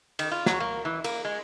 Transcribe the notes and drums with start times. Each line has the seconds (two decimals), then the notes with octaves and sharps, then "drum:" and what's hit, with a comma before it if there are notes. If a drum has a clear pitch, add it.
0.19 D#3, drum: cymbal
0.31 F4
0.46 F#3, drum: snare
0.60 A#3
0.85 E3
1.04 A#3, drum: cymbal
1.25 G#3